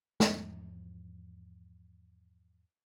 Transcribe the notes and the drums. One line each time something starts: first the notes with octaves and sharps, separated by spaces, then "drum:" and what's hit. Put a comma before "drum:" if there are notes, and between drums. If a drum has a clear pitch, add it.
E2 G#2 F3, drum: snare